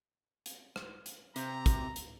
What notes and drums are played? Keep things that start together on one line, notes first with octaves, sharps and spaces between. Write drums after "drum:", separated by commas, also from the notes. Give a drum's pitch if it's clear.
drum: hi-hat
drum: rim click
drum: hi-hat
C3 A#5, drum: hi-hat
drum: kick, hi-hat
drum: hi-hat